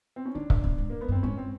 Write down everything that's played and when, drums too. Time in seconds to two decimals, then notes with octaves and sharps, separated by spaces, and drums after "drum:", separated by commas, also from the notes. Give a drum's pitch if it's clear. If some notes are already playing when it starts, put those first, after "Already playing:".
0.16 C4
0.25 C#4
0.35 D3 D4
0.50 C#3, drum: kick C#1
0.64 C3
0.78 G#2
0.90 A#3
1.01 B3
1.08 G2
1.12 C4
1.23 G#2 C#4
1.37 C4